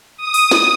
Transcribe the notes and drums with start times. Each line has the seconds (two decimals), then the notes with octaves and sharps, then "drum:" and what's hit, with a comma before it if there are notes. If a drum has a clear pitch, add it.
0.17 D#6
0.34 drum: open hi-hat
0.51 drum: snare